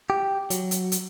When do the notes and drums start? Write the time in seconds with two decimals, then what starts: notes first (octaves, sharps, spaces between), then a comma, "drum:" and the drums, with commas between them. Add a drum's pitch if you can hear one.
0.10 G4
0.50 F#3, drum: hi-hat
0.71 drum: hi-hat
0.92 drum: hi-hat